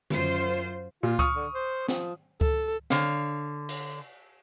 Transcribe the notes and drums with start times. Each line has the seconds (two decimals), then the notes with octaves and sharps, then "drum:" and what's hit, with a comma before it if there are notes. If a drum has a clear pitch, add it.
0.10 F#2 F4 C5, drum: tom D3
1.03 A#2 F4
1.19 C#6 D#6 F6, drum: kick C#2
1.35 D3
1.54 C5
1.88 F3, drum: snare
2.41 A4, drum: kick C#2
2.90 D3 C#5 F5, drum: snare
3.69 drum: cymbal